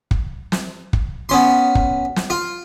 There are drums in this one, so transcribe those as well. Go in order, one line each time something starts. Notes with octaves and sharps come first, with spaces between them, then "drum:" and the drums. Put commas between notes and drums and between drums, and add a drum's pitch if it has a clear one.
drum: kick
drum: snare
drum: kick
B3 C#4 C6
drum: kick
drum: snare
F4